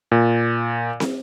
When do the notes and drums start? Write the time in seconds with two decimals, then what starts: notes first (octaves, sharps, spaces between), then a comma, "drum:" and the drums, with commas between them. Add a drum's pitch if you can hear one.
0.12 A#2
1.00 drum: snare